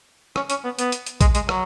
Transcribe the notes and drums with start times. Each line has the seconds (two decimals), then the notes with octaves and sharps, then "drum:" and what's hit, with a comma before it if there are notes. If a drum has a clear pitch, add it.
0.36 C#4, drum: rim click
0.50 C#4, drum: hi-hat
0.64 B3
0.79 B3, drum: hi-hat
0.92 drum: hi-hat
1.06 drum: hi-hat
1.21 G#3, drum: kick A#1, hi-hat
1.35 G#3, drum: hi-hat
1.49 F#3, drum: rim click